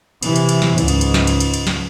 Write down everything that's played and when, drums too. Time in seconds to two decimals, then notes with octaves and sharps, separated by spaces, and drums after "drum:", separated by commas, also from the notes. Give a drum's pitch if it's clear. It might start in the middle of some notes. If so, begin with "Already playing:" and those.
0.23 C3 E3, drum: cymbal
0.36 drum: cymbal
0.49 drum: cymbal
0.62 drum: snare
0.78 C#2 G#2, drum: cymbal
0.88 drum: cymbal
1.01 drum: cymbal
1.14 drum: snare
1.27 drum: cymbal
1.40 drum: cymbal
1.54 drum: cymbal
1.67 drum: snare